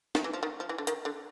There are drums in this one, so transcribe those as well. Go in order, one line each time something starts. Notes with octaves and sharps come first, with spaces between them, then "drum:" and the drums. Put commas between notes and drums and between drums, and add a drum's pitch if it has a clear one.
D#3, drum: snare
E3
F3
D#3
F3
E3
D3
D#3, drum: hi-hat
D3